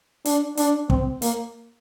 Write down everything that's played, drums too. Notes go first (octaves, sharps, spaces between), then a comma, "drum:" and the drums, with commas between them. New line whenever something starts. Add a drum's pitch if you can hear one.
D4, drum: hi-hat
D4, drum: hi-hat
C4, drum: kick
A#3, drum: hi-hat